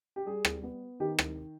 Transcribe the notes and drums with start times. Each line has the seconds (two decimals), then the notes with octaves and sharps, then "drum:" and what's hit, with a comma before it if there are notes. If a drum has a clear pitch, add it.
0.16 G4
0.25 G3 G#4
0.45 drum: rim click
0.63 B3
1.00 D#3 G4
1.19 drum: rim click